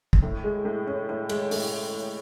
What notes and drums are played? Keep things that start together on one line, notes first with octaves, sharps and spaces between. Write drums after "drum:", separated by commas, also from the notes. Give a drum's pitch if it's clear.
drum: kick
A2
G#3
A2
C#4
A2
G#3, drum: cymbal
A2, drum: open hi-hat